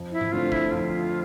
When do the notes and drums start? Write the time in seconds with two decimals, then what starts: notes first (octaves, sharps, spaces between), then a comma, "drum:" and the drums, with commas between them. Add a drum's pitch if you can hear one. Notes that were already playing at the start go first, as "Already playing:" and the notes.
Already playing: F2
0.12 E4
0.21 drum: tom G#2
0.32 D3 A3 C4 F4
0.52 E4, drum: kick G#1
0.71 F2 F4